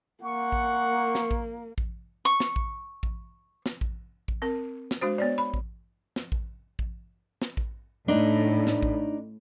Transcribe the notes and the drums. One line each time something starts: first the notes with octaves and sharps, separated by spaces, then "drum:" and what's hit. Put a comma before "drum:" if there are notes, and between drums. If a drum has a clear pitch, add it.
A#3 F#5 C#6
drum: kick A1
drum: snare
drum: kick A1
drum: kick A1
C#6
drum: snare
drum: kick A1
drum: kick A1
drum: snare
drum: kick A1
drum: kick A1
C4 A#4
drum: snare
G#3 D4 F#4 C5
B3 C#5 D5
B5
drum: kick A1
drum: snare
drum: kick A1
drum: kick A1
drum: snare
drum: kick A1
A2 D4 D#4
drum: snare
drum: kick A1